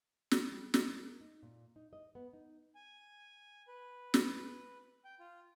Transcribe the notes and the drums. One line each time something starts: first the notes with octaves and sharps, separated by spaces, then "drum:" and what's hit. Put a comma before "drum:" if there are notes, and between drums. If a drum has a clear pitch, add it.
drum: snare
G3
D#5, drum: snare
A#3
D#4
A#2
D#4
D#5
B3
D#4
G#5
B4
drum: snare
G5
F4